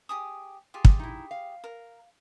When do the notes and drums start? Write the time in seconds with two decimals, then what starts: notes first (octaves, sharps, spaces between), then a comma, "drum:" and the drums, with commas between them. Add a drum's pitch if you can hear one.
0.09 G4 G#4 D#6
0.74 F4 G4 G#4
0.85 drum: kick
0.99 D#4 E4
1.31 F5
1.64 A#4